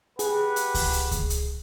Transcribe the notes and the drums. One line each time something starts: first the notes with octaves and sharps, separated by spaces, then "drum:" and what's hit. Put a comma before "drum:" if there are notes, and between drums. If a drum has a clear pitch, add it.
G4 G#4 B4 F#5, drum: hi-hat
drum: hi-hat
drum: kick C#2, open hi-hat
drum: hi-hat
drum: kick C#2, hi-hat
drum: hi-hat